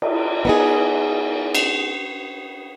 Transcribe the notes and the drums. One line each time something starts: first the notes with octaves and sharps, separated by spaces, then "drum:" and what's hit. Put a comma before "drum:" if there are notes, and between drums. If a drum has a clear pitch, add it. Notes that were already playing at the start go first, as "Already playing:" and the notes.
drum: cymbal
B3 D#4 G#4
drum: cymbal